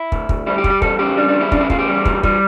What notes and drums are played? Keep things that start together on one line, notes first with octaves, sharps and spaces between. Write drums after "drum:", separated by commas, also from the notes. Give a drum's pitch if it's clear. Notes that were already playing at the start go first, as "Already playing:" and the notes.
Already playing: E4
D2, drum: kick
D2, drum: kick
G3 E4
G4
G3, drum: kick
G4
E2 A4, drum: kick
C#3 G4
G3 D4
D4
E2
E4
C#3 D4, drum: kick
E4
E2 F4, drum: kick
G4
G3
E3, drum: kick
G3, drum: kick